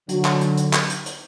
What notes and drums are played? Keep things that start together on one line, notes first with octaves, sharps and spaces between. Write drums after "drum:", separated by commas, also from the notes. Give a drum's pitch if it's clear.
D3 F#3, drum: hi-hat
drum: clap
drum: hi-hat
drum: hi-hat
drum: clap
drum: hi-hat
drum: hi-hat